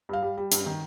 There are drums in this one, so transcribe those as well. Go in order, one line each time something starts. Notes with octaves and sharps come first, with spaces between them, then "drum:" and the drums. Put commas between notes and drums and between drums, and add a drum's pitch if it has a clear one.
G2 F5
G3
G3
G2, drum: hi-hat
D#3